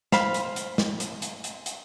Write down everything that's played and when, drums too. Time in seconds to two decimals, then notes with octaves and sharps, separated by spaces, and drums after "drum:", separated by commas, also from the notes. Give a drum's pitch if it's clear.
0.12 C5 F5 B5, drum: snare
0.34 drum: hi-hat
0.56 drum: hi-hat
0.78 drum: snare
1.00 drum: hi-hat
1.22 drum: hi-hat
1.44 drum: hi-hat
1.66 drum: hi-hat